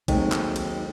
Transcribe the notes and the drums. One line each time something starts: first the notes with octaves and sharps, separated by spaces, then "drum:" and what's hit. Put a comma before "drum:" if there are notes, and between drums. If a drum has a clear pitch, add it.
D#2 F#3 G#3 A3 C4 D#4, drum: kick, cymbal
drum: clap
drum: cymbal